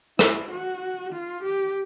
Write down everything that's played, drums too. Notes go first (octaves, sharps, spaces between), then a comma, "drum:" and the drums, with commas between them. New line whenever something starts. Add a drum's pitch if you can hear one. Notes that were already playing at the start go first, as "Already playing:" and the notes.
E4, drum: rim click
F#4
F4
G4